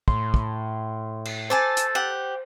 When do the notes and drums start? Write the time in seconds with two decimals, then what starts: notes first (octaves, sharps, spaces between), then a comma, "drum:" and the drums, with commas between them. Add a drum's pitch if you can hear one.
0.08 A2 C6, drum: kick
0.34 drum: kick
1.25 drum: cymbal
1.50 A4 C5 G#5 A5 D6
1.77 drum: hi-hat
1.95 G4 F#5